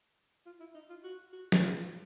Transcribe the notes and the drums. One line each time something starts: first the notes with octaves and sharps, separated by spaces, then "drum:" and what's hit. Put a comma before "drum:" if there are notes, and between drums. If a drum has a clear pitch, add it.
F4
E4
D#4
F4
F#4
F#4
drum: snare
F4